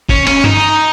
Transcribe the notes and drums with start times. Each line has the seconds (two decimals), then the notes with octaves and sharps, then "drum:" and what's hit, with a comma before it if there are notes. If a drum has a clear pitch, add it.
0.09 C#4, drum: kick F1
0.27 C#4, drum: cymbal
0.44 D#4, drum: tom G2